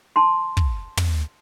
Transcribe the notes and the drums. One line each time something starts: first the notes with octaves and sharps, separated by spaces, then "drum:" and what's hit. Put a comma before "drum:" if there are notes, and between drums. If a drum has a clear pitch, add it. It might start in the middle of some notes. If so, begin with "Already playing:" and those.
A5 C6
drum: kick
drum: tom